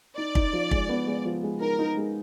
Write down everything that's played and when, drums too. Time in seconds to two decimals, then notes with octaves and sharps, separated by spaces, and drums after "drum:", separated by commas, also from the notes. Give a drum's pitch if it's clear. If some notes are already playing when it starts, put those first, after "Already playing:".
0.17 D#4 D5
0.35 D#4, drum: kick
0.53 F3
0.71 G#3, drum: kick
0.89 B3
1.07 G#3
1.25 F3
1.43 G#3
1.61 D#4 A#4
1.79 D#4
1.97 G#3